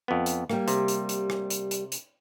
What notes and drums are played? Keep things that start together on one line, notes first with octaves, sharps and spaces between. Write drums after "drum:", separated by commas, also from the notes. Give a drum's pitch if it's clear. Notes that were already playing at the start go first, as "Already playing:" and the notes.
F2 B3
drum: hi-hat
G3 A#3, drum: rim click
C3, drum: hi-hat
drum: hi-hat
drum: hi-hat
drum: rim click
drum: hi-hat
drum: hi-hat
drum: hi-hat